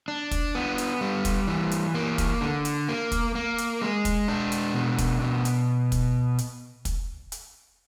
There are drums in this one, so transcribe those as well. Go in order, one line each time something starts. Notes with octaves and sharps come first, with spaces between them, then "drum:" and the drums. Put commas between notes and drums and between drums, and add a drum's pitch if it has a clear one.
D4
drum: kick, hi-hat
B3
drum: hi-hat
G3
drum: kick, hi-hat
E3
drum: hi-hat
A#3
drum: kick, hi-hat
D3
drum: hi-hat
A#3
drum: kick, hi-hat
A#3
drum: hi-hat
G#3
drum: kick, hi-hat
D4
drum: hi-hat
B2
drum: kick, hi-hat
B2
drum: hi-hat
drum: kick, hi-hat
drum: hi-hat
drum: kick, hi-hat
drum: hi-hat